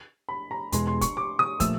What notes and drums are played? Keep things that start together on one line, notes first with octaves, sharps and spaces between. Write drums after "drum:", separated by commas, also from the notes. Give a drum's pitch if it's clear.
B5
A#5
E2 B2 G#3 C6, drum: hi-hat
C6
C#6, drum: kick, hi-hat
D6
D#6
A#2 F3 A3 E6, drum: kick, hi-hat